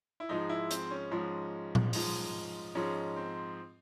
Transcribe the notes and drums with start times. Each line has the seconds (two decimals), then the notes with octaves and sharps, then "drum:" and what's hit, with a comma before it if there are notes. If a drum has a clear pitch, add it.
0.20 E4
0.29 G#2 F3 G#3 D#4
0.49 E4
0.71 C4, drum: hi-hat
0.91 C#4
1.11 G#2 F3 G#3
1.75 drum: tom A#2
1.93 G#2 F3 G#3, drum: open hi-hat
2.75 G#2 F3 G#3 C#4
3.16 C4